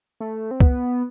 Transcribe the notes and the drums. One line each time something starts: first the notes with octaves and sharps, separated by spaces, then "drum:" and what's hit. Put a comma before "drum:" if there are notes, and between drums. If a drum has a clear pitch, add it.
A3
C4
B3, drum: kick C2